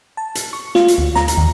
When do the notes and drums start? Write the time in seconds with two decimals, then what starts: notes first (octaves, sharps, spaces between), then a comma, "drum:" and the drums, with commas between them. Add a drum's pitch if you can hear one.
0.17 A5
0.35 drum: hi-hat
0.53 C#6
0.75 F4, drum: snare
0.88 drum: hi-hat
0.98 D2
1.15 A#5, drum: snare
1.28 drum: hi-hat
1.37 D#2